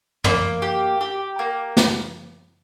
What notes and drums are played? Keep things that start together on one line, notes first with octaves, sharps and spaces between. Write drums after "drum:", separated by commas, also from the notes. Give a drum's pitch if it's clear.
A#3, drum: tom
G4
G4
A#3
drum: snare